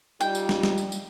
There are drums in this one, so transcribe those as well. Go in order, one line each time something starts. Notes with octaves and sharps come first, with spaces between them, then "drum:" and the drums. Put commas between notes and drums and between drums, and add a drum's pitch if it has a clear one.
G3 D#4 F4 G5, drum: tambourine
drum: tambourine
drum: snare
drum: snare
drum: tambourine
drum: tambourine